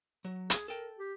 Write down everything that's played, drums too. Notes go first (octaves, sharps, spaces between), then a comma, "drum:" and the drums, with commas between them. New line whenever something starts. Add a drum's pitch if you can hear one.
F#3
G#4, drum: hi-hat
A4 A#4 G5
G4